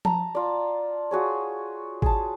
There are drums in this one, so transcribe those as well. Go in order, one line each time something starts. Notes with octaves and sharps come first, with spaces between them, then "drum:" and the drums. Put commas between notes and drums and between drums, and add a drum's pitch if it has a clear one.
A5 A#5, drum: tom F3
F4 D5
F4 F#4 G#4 C#5
G#4 A5, drum: kick G#1